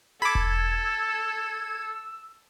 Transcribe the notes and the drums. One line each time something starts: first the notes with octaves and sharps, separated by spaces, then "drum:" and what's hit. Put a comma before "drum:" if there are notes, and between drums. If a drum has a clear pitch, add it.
A4 B5 D6 E6 G#6
drum: kick E1